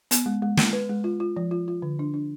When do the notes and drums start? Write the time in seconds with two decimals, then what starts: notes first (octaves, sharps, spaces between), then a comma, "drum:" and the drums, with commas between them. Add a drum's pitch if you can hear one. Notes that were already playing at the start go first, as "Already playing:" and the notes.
0.11 B3, drum: hi-hat
0.26 G#3
0.42 G#3
0.57 G#3, drum: snare
0.73 B4
0.89 G#3
1.04 F4
1.20 F4
1.37 F3
1.51 F4
1.68 F4
1.82 D3
1.99 D4
2.14 D4